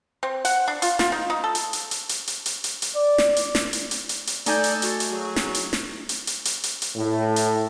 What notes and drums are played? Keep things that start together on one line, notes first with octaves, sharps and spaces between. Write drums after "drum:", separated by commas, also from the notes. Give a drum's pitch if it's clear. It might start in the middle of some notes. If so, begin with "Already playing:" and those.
C4
F#5, drum: hi-hat
D4
F4, drum: hi-hat
F4, drum: snare
D#4
D#4
A4
drum: hi-hat
drum: hi-hat
drum: hi-hat
drum: hi-hat
drum: hi-hat
drum: hi-hat
drum: hi-hat
drum: hi-hat
D5
drum: snare
drum: hi-hat
drum: snare
drum: hi-hat
drum: hi-hat
drum: hi-hat
drum: hi-hat
A3 D#4 A4 D5 G#5 G6, drum: hi-hat
drum: hi-hat
F#4, drum: hi-hat
drum: hi-hat
F#3 G#4
drum: snare
drum: hi-hat
drum: snare
drum: hi-hat
drum: hi-hat
drum: hi-hat
drum: hi-hat
drum: hi-hat
A2
drum: hi-hat